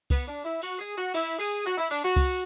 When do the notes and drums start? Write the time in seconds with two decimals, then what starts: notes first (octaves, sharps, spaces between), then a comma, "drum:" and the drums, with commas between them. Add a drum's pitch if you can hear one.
0.10 B3, drum: kick C2, cymbal
0.28 D4
0.44 E4
0.61 F#4, drum: cymbal
0.79 G#4
0.97 F#4
1.14 E4, drum: cymbal
1.39 G#4, drum: cymbal
1.65 F#4
1.77 E4
1.90 D4, drum: cymbal
2.03 F#4
2.16 drum: kick C2, cymbal